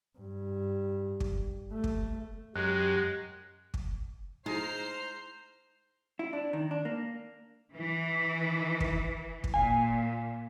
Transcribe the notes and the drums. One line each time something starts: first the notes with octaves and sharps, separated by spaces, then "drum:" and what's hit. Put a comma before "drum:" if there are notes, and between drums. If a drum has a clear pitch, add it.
G2
drum: kick
A3
drum: kick
F#2 G#3 G4 F#6
drum: kick
G#3 D#4 E4 C5 A#5 F6 C7
E4
D4
D#3
D4
A#3
E3
drum: kick
drum: kick
A#2 F5 G#5